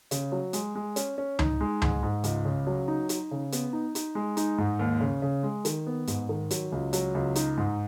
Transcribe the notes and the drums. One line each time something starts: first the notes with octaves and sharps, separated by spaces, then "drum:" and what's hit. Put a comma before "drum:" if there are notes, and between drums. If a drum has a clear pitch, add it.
C#3, drum: hi-hat
F#3
G#3, drum: hi-hat
G#3
C#4, drum: hi-hat
C#4
D#4, drum: tom C#2
G#3
G#2, drum: tom C#2
G#2
C#2, drum: hi-hat
C#3
F#3
D#4
D#4, drum: hi-hat
C#3
B3, drum: hi-hat
D#4
D#4, drum: hi-hat
G#3
D#4, drum: hi-hat
G#2
D#2
C#3
C#3
G#3
D#3, drum: hi-hat
B3
G#2, drum: hi-hat
D#3
F#3, drum: hi-hat
C#2
F#3, drum: hi-hat
C#2
D#4, drum: hi-hat
G#2